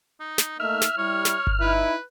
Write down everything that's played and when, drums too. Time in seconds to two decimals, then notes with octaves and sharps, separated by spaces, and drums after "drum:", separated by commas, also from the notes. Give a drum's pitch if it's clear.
0.20 D#4
0.38 drum: snare
0.60 A3 A#3 D#4 E5 F6
0.82 drum: snare
0.97 G3 E4 C#5
1.25 drum: snare
1.47 drum: kick G1
1.60 D#4 E4 B4